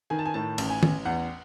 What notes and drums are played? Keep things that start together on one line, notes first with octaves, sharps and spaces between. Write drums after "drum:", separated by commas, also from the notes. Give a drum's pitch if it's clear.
D#3 G#5
A5
G#5
A2 A5
A1, drum: cymbal
G#5
A1, drum: tom
E2 F#5